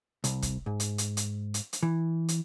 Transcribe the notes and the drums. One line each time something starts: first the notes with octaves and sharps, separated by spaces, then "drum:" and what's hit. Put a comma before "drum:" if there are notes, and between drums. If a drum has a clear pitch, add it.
C2, drum: hi-hat
drum: kick, hi-hat
G#2
drum: hi-hat
drum: hi-hat
drum: hi-hat
drum: hi-hat
drum: hi-hat
E3
drum: hi-hat